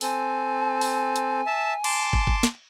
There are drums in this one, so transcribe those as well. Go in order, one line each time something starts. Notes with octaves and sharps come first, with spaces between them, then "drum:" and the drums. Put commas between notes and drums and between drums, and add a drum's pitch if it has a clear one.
C4 A4 G#5, drum: open hi-hat
drum: open hi-hat
drum: hi-hat
E5 A5
A5 C6 D6, drum: cymbal
drum: kick
drum: kick
drum: snare